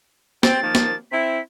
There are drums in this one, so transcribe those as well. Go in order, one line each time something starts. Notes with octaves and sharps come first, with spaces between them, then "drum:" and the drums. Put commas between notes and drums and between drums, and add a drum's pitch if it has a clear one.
C4 A6, drum: snare
D#3 F3 A#3
drum: snare
C4 E4 B6